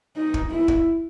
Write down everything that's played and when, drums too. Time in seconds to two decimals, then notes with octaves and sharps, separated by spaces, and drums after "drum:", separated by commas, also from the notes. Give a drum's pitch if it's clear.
0.17 D#4
0.34 drum: kick
0.51 E4
0.68 drum: kick